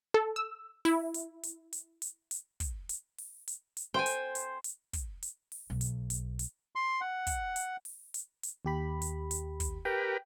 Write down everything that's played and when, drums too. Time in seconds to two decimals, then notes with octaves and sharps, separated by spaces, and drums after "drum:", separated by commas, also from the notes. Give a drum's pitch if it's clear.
0.14 A4
0.36 E6
0.85 E4, drum: open hi-hat
1.14 drum: hi-hat
1.43 drum: hi-hat
1.73 drum: hi-hat
2.02 drum: hi-hat
2.31 drum: hi-hat
2.60 drum: kick, hi-hat
2.89 drum: hi-hat
3.18 drum: open hi-hat
3.48 drum: hi-hat
3.77 drum: hi-hat
3.94 C5 G5 G#5
4.06 drum: hi-hat
4.35 drum: hi-hat
4.64 drum: hi-hat
4.93 drum: kick, hi-hat
5.22 drum: hi-hat
5.52 drum: open hi-hat
5.70 B1 B3
5.81 drum: hi-hat
6.10 drum: hi-hat
6.39 drum: hi-hat
6.76 C6
7.01 F#5
7.27 drum: kick, hi-hat
7.56 drum: hi-hat
7.85 drum: open hi-hat
8.14 drum: hi-hat
8.43 drum: hi-hat
8.65 D#2 G4 B5
9.02 drum: hi-hat
9.31 drum: hi-hat
9.60 drum: kick, hi-hat
9.85 G4 A#4 B4 G5